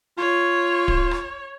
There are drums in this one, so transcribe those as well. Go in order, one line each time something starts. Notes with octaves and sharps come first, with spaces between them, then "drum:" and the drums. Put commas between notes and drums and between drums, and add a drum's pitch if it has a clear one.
F4 C#5
drum: kick D1
drum: rim click